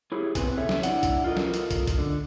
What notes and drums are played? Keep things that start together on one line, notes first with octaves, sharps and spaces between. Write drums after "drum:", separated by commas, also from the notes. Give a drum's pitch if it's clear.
E4 G4 G#4 C#5
B2 C4 B4 G#5, drum: kick, hi-hat
C3 A4 C#5 E5
drum: snare
D4 E4 D5 F#5, drum: hi-hat
drum: kick, hi-hat
F4 A4 A#4 D#5
drum: snare
drum: hi-hat
drum: kick, hi-hat
drum: kick, hi-hat
D3